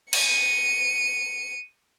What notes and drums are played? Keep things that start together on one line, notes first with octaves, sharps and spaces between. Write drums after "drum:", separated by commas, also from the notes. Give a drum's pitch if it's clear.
C#7 D#7, drum: cymbal